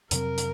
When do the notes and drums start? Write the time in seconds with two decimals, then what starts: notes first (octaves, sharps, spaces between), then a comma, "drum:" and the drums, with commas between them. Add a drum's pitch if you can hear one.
0.11 F2 C3 F#3 C4 A#4, drum: hi-hat
0.38 drum: hi-hat